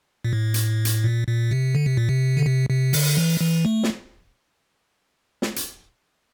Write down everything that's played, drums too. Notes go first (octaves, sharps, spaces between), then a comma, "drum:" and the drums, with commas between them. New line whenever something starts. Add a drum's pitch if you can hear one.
A#2
A2
drum: hi-hat
drum: hi-hat
A#2
A#2
C3
D3
C3
A#2
C3
D3
C3
C3
D3, drum: open hi-hat
E3
E3
A3
drum: snare
drum: snare
drum: hi-hat